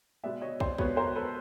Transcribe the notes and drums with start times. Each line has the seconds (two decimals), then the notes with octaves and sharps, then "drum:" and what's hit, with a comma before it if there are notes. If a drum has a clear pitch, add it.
0.24 B2 G#3 B3 D5 E5
0.42 C#5 D#5
0.60 C5 D5, drum: kick
0.78 B2 G#3 B3 B4 C#5, drum: kick
0.96 A#4 C5
1.15 A4 B4